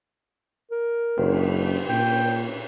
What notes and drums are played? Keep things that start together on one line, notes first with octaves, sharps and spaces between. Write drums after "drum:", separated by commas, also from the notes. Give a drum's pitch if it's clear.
A#4
F#1, drum: cymbal
A#2 G5